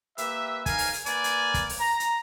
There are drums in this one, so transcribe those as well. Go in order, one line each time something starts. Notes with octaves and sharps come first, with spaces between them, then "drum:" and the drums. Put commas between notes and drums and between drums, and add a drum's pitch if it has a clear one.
A#3 G4 B4 E5, drum: hi-hat
D#3 G#4 A#4 F5 G#5, drum: kick, hi-hat
drum: open hi-hat
drum: hi-hat
A#3 A#4 B4 D5 G#5, drum: hi-hat
drum: hi-hat
drum: kick, hi-hat
drum: open hi-hat
A#5
drum: hi-hat